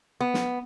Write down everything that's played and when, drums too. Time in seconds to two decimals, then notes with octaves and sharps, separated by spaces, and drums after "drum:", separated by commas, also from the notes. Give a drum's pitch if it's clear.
0.21 B3
0.34 drum: snare